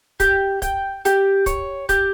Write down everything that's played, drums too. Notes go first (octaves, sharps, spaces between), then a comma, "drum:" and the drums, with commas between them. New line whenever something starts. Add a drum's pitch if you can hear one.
G4, drum: kick, hi-hat
G5, drum: kick, hi-hat
G4, drum: hi-hat
C#5, drum: kick, hi-hat
G4, drum: kick, hi-hat